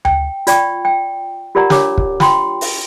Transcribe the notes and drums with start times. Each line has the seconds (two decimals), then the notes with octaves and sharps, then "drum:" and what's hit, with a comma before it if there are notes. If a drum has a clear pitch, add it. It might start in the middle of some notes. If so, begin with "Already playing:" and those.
0.05 G5, drum: tom D2
0.47 F4 D5 G5 C#6, drum: hi-hat
0.85 G5
1.55 F4 G4 A#4 D5 F#5 A#5
1.70 D4 G4 A#4 C#5 A#5 D6, drum: snare
1.98 drum: kick
2.20 F4 G5 C6, drum: snare
2.61 drum: open hi-hat